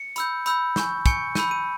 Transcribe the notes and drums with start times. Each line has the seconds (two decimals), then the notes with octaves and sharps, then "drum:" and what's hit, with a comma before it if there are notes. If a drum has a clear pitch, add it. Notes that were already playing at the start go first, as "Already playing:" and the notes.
Already playing: C#7
0.16 B5 E6 G6, drum: hi-hat
0.46 B5 E6 G6, drum: hi-hat
0.76 G#5 C#6 G6, drum: snare
1.06 G#5 C#6 G6 C#7, drum: kick, hi-hat
1.35 B5 E6 G6 D#7, drum: snare
1.51 D#7